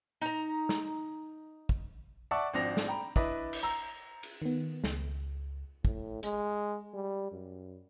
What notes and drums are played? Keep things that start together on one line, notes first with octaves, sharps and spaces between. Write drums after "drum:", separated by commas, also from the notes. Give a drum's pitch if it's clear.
D#4 A#5
drum: snare
drum: kick
D5 E5 F#5 A5 C#6 D6
G#1 F3 C4 D4 A#6 F7
drum: snare
G5 A#5 B5
D4 E4 B4 D5 D#5, drum: kick
drum: cymbal
A#5 E6
drum: cymbal
D#3 B3
C#2, drum: snare
A2, drum: kick
G#3, drum: hi-hat
G3
F#2